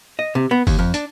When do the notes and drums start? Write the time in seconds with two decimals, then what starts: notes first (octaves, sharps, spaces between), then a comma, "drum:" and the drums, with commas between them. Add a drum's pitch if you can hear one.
0.19 D#5
0.35 C3
0.51 B3
0.67 D#2, drum: kick G1, open hi-hat
0.79 F2
0.94 D4, drum: hi-hat